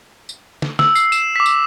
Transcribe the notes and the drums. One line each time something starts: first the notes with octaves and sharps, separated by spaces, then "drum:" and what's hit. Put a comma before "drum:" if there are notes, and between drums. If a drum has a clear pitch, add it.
drum: tambourine
drum: snare
E6, drum: snare
C7, drum: tambourine
E7, drum: tambourine
D6 B6
drum: tambourine